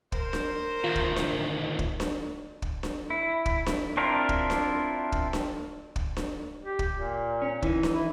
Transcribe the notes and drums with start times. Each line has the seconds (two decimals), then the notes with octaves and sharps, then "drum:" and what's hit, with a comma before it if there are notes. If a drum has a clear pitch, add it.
0.12 A#4 C5, drum: kick
0.33 drum: snare D4
0.84 D2 D#3 F4
0.96 drum: kick
1.16 drum: snare D4
1.79 drum: kick
2.00 drum: snare D4
2.62 drum: kick
2.83 drum: snare D4
3.10 E4
3.46 drum: kick
3.66 drum: snare D4
3.97 C4 D4 E4 F4 A#4
4.29 drum: kick
4.50 drum: snare D4
5.12 drum: kick
5.33 drum: snare D4
5.96 drum: kick
6.17 drum: snare D4
6.62 G4
6.79 drum: kick
6.93 A#2
7.42 C#4
7.62 E3 D#4, drum: kick
7.83 drum: snare D4
7.92 E4